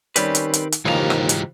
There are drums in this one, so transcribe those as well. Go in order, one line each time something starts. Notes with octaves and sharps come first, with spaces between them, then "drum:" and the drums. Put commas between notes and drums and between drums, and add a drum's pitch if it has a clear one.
D#3 G3 C4 C#4 G4 B4, drum: hi-hat
drum: hi-hat
drum: hi-hat
drum: hi-hat
D#2 G#2 C#3 E3 F3 G4 G#4 A#5
drum: rim click
drum: hi-hat